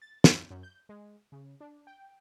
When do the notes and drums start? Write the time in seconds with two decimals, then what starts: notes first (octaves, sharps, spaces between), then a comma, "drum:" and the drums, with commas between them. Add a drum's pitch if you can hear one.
0.02 A6
0.24 F#2, drum: snare
0.51 F#2
0.63 G6
0.89 G#3
1.32 C#3
1.60 D4
1.87 G5